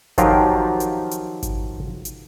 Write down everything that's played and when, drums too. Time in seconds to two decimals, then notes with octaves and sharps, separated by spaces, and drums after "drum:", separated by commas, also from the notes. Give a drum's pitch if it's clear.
0.18 D#3 F3 F#3 F4 G4 A#4, drum: kick G#1, hi-hat
0.80 drum: hi-hat
1.11 drum: hi-hat
1.43 drum: kick G#1, hi-hat
2.05 drum: hi-hat